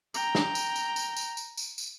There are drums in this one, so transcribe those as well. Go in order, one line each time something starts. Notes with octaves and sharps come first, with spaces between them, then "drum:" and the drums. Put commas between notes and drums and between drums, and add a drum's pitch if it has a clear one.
G5 A#5, drum: tambourine
drum: snare
drum: tambourine
drum: tambourine
drum: tambourine
drum: tambourine
drum: tambourine
drum: tambourine
drum: tambourine